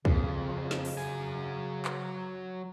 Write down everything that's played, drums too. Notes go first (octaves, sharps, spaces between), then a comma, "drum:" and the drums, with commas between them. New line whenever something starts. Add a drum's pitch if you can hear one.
F2 C#3, drum: kick
drum: snare
drum: open hi-hat
F#3 G#5
drum: clap